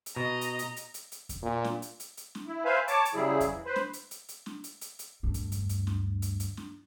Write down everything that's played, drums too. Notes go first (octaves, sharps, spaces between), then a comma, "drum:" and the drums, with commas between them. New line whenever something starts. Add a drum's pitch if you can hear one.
drum: hi-hat
B2 D#5 A#5
drum: hi-hat
drum: hi-hat
drum: hi-hat
drum: hi-hat
drum: hi-hat
drum: kick E2, hi-hat
A#2
drum: snare
drum: hi-hat
drum: hi-hat
drum: hi-hat
drum: snare
E4
B4 C5 E5 F5 G#5
C#5 A5 D6, drum: hi-hat
drum: hi-hat
C#3 F#3 G3 E4 G#4
drum: kick E2, hi-hat
E3
B4 C5
drum: snare
drum: hi-hat
drum: hi-hat
drum: hi-hat
drum: snare
drum: hi-hat
drum: hi-hat
drum: hi-hat
D2 G2
drum: hi-hat
drum: kick E2, hi-hat
drum: hi-hat
drum: snare
drum: hi-hat
drum: hi-hat
drum: snare